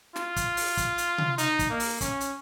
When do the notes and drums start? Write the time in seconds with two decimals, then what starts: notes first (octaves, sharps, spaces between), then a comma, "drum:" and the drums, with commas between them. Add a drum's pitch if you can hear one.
0.16 F4, drum: snare
0.36 drum: kick, hi-hat
0.57 drum: open hi-hat
0.77 drum: kick, hi-hat
0.98 drum: hi-hat
1.18 drum: tom C3
1.38 D#4, drum: hi-hat
1.59 drum: kick, hi-hat
1.70 A#3
1.80 drum: open hi-hat
2.01 C#4, drum: kick, hi-hat
2.21 drum: hi-hat